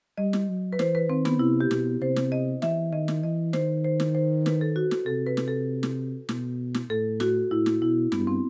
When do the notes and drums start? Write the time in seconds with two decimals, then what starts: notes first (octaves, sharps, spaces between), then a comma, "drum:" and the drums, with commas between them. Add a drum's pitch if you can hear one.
0.18 G3 D#5
0.33 drum: snare
0.48 F#3
0.73 B4
0.79 E3 C5, drum: snare
0.95 B4
1.09 D#3 C4
1.25 B3, drum: snare
1.39 C3 E4
1.61 G4
1.71 B2, drum: snare
2.01 C3 C5
2.16 drum: snare
2.32 D#5
2.62 E3 E5, drum: snare
2.92 D#3 D#5
3.08 drum: snare
3.23 E3 D#5
3.53 D#3 C5, drum: snare
3.84 C5
4.00 drum: snare
4.15 C5
4.46 B4, drum: snare
4.61 A4
4.76 F#4
4.91 drum: snare
5.06 C3 A4
5.26 B4
5.37 drum: snare
5.48 A4
5.83 drum: snare
6.29 B2, drum: snare
6.74 drum: snare
6.89 A2 A4
7.20 F#4, drum: snare
7.51 A2 E4
7.66 drum: snare
7.81 B2 E4
8.12 G2 B3, drum: snare
8.27 C4